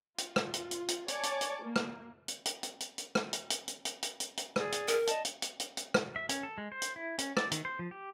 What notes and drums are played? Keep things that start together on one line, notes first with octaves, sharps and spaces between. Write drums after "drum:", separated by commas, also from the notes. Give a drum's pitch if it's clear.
F4, drum: hi-hat
drum: rim click
drum: hi-hat
drum: hi-hat
drum: hi-hat
C#5 D5 G#5 A5 C#6 D6, drum: hi-hat
drum: hi-hat
drum: hi-hat
A#3
drum: rim click
drum: hi-hat
drum: hi-hat
drum: hi-hat
drum: hi-hat
drum: hi-hat
drum: rim click
drum: hi-hat
drum: hi-hat
drum: hi-hat
drum: hi-hat
drum: hi-hat
drum: hi-hat
drum: hi-hat
G#4 D5, drum: rim click
drum: hi-hat
A#4, drum: hi-hat
D5 D#5 A5, drum: hi-hat
drum: hi-hat
drum: hi-hat
drum: hi-hat
drum: hi-hat
drum: rim click
E5
C#4, drum: hi-hat
A4
G#3
C5
drum: hi-hat
E4
C#4, drum: hi-hat
D5, drum: rim click
D#3, drum: hi-hat
C5
F3
G4